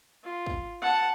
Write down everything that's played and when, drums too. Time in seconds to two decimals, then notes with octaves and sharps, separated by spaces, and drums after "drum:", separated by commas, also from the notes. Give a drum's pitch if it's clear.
0.24 F4
0.46 drum: kick
0.82 F#5 A5